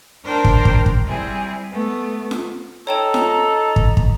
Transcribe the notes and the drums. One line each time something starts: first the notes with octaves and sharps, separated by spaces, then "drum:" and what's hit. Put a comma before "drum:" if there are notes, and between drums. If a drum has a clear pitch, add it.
D4 A#4 C5 G5 A5 C6
drum: kick
drum: kick
drum: kick
G3 C4 E4 G#4
A3 B3
drum: snare F4
D#4 A4 C#5 G5 A#5 E7
drum: snare F4
drum: kick
drum: kick